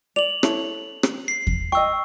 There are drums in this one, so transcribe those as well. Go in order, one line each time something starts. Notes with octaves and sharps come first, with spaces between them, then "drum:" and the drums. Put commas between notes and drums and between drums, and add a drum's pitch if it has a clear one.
D5 F7 F#7
E4 A4 C#5, drum: rim click
drum: rim click
C7
drum: kick E2
D#5 G5 C#6 E6